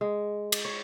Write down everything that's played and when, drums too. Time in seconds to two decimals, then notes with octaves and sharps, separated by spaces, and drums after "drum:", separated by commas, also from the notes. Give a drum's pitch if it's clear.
0.01 G#3
0.52 drum: cymbal
0.65 C#5